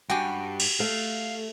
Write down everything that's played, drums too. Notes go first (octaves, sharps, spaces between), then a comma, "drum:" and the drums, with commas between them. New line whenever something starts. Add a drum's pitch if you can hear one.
G2 F#4 G4 G5 G#5
drum: cymbal
A3 F5